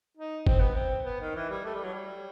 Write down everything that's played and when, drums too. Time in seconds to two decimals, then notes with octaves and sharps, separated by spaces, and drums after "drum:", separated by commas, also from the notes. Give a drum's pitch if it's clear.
0.17 D#4
0.47 C4, drum: kick
0.61 B3
0.75 C4
1.05 B3
1.21 D#3
1.36 E3
1.50 G3
1.65 A3
1.75 G3
1.84 F#3
1.93 G3